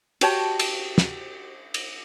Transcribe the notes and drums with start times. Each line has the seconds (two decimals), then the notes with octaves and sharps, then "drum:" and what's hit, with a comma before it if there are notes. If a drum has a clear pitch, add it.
0.21 F#4 G4 C#5 A5, drum: cymbal
0.59 drum: cymbal
0.98 drum: snare
1.74 drum: cymbal